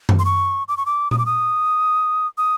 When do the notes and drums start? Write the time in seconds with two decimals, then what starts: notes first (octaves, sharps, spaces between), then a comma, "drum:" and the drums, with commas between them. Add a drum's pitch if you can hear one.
0.09 drum: tom F#2
0.19 C6
0.25 C#6
0.68 D6
0.77 C#6
0.86 D6
1.11 D#6, drum: tom A#2
1.18 D6
1.26 D#6
2.38 D#6